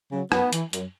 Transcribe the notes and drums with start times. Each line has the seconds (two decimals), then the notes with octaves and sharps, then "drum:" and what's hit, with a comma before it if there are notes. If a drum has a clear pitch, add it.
0.12 C#3 F#3
0.32 F#2 B3, drum: rim click
0.53 E3, drum: hi-hat
0.73 F#2, drum: hi-hat